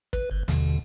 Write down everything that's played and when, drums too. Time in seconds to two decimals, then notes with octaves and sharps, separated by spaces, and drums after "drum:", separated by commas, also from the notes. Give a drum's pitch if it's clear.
0.13 B4, drum: kick
0.31 G1
0.48 D#2 B2 D3, drum: snare